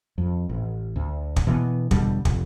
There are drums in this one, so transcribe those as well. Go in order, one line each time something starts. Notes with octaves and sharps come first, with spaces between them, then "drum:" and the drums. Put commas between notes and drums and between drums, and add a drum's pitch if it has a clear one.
F2
A1
D2
drum: kick
B2 E3 F#3 B3
E1 B2 D3 G3, drum: kick
F1, drum: kick